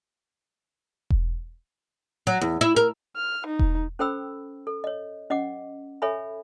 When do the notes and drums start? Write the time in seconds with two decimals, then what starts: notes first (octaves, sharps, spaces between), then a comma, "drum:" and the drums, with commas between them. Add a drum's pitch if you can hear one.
1.10 drum: kick E1
2.27 F#3
2.41 E2
2.61 E4
2.76 A#4
3.16 F6
3.46 D#4
3.59 drum: kick E1
3.99 C#4 A4 C5 G5 B5 E6
4.67 A4
4.84 C#5 D#5
5.30 C#4 D#5 F#5 D6
6.02 A4 C#5 E5 G#5 B5